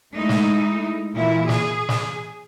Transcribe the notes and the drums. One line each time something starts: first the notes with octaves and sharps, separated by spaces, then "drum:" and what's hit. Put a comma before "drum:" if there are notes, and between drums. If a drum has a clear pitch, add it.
G#3 A3 D#4 E4
drum: snare
A#2 E3 E4
G#4, drum: snare
drum: snare